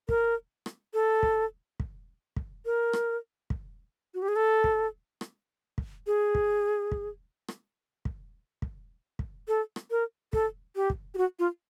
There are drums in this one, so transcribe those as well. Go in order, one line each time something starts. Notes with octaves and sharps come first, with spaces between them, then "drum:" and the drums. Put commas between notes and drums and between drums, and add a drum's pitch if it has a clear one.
A#4, drum: kick
drum: rim click
A4
drum: kick
drum: kick
drum: kick
A#4
drum: rim click
drum: kick
F#4
G4
G#4
A4
drum: kick
drum: rim click
drum: kick
G#4
drum: kick
drum: kick
drum: rim click
drum: kick
drum: kick
drum: kick
A4
drum: rim click
A#4
A4, drum: kick
G4
drum: kick
G4
F#4
F4